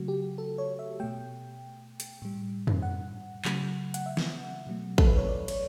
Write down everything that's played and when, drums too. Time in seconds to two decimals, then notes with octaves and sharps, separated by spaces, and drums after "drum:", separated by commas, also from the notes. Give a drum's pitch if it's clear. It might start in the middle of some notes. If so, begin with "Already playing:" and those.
Already playing: C#3 F#3 A3 F#4
0.08 G4
0.38 A4
0.58 C#5
0.79 E5
1.00 B2 A3 G5
2.00 drum: hi-hat
2.22 A2 G3
2.67 drum: tom F2
2.82 F#5
3.45 C#3 F#3 A3, drum: clap
3.94 F#5, drum: hi-hat
4.06 E5
4.17 drum: snare
4.67 B2 F#3 A3
4.98 A4, drum: kick
5.07 B4
5.18 C#5
5.28 D5
5.48 C#5, drum: cymbal